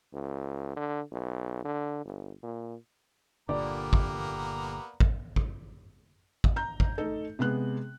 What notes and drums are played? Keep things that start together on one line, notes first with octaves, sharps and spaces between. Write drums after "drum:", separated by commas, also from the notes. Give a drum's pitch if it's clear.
C#2
D3
B1
D3
G1
A#2
G1 A#2 D3 A#3 B3 G4 D5 A#5
drum: kick G#1
drum: kick G#1
drum: kick G#1
drum: kick G#1
A#5 G6
drum: kick G#1
A3 D#4 A4
C3 G#3 B3 F#6